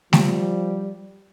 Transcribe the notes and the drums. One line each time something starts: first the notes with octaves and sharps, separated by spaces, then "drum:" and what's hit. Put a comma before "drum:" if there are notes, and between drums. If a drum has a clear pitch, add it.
F3 G3, drum: snare A3